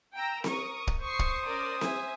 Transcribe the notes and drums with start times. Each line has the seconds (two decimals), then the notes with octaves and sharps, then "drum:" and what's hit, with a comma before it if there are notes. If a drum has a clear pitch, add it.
0.13 G5 A#5 E6
0.44 A#4 C#6 D#6, drum: snare C4
0.87 drum: kick
1.03 C5 C#6 D#6 C7
1.19 drum: kick
1.45 C#4 A#4 D5
1.81 E5 G#5, drum: snare C4